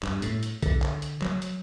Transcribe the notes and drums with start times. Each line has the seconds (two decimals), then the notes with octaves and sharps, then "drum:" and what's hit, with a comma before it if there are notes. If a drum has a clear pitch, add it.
0.03 G2, drum: clap
0.22 A2, drum: hi-hat
0.43 drum: hi-hat
0.62 D3, drum: kick B1, hi-hat
0.82 drum: clap
1.02 drum: hi-hat
1.22 F#3, drum: clap
1.42 drum: hi-hat